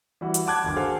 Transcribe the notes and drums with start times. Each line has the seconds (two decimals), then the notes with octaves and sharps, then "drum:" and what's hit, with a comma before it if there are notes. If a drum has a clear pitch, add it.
0.21 E3 G3 E4 F#4
0.34 drum: hi-hat
0.46 F#5 G5 A5 D6 F#6 G#6
0.64 G1 D#2 D#3
0.76 F#4 G#4 A4 C5 F5 G5